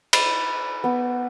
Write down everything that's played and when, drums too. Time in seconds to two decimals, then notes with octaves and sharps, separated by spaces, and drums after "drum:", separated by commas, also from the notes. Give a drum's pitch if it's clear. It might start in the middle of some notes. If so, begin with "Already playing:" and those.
0.13 B5, drum: cymbal
0.84 B3